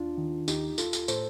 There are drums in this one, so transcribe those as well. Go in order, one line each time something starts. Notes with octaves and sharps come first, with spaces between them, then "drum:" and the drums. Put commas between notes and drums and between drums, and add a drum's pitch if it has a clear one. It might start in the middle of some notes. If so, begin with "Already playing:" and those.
Already playing: D#2 D4 F4
D#3
D#2 D#4 G4, drum: tambourine
D#2 F4 A4, drum: tambourine
drum: tambourine
A2 A4 C5, drum: tambourine